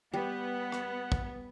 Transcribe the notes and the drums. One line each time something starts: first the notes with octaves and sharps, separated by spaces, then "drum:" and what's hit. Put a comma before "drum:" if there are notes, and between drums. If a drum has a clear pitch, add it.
G3 B3 G4 F#5
drum: rim click
drum: kick